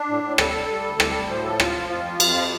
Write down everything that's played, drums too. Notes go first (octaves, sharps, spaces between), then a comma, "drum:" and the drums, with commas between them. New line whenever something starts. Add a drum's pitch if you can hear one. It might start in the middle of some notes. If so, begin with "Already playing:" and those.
Already playing: D4
A2
A2
G3 A4, drum: rim click
G3
G3
D2
G3, drum: rim click
D2
A2 C5
F3 A4
F3 F4, drum: rim click
F3
F2 F4
F3
F2, drum: cymbal
F3